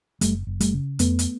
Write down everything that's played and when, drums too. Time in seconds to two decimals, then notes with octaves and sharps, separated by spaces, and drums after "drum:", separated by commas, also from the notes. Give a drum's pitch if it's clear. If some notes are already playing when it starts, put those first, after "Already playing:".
0.21 F#1 G3 A3, drum: hi-hat
0.47 F#1
0.60 G3 A3, drum: hi-hat
0.74 C#3
0.99 F2 A3 B3, drum: hi-hat
1.19 drum: hi-hat